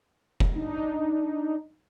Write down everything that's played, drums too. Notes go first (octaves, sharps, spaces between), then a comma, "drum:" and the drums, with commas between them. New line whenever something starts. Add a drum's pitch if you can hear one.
drum: kick F1
D4 D#4